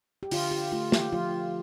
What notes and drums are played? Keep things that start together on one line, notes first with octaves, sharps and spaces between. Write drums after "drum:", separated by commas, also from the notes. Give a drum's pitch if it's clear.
G4
D3 F4, drum: open hi-hat
G4
A3 F4
G4, drum: snare
F3 F4